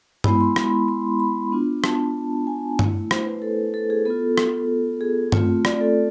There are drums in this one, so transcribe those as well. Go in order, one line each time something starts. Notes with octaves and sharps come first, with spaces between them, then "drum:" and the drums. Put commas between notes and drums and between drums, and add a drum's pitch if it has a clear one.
G#3 B3 E4 B5, drum: tom G2
C6
drum: rim click
C6
B5
B3 D4 F4
A5, drum: rim click
G#5
A3 E4, drum: tom G2
C5, drum: rim click
B4
A4
A4
G#4
B3 F4 A4
drum: rim click
G#4
A3 C4 F4, drum: tom G2
D5, drum: rim click
A4